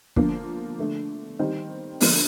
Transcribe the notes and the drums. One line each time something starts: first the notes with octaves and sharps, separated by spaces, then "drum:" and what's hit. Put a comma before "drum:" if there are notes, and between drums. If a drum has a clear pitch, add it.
D3 F3 A#3 D4, drum: kick
D3 A3 D4
D#3 G3 C4 D#4
D3 F3 A#3 D4, drum: open hi-hat